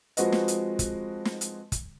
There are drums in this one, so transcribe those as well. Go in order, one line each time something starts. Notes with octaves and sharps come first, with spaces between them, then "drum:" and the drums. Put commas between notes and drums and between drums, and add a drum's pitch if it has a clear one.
F3 G#3 C4 F#4 B4 D#5, drum: hi-hat
drum: snare
drum: hi-hat
drum: kick, hi-hat
drum: snare
drum: hi-hat
drum: kick, hi-hat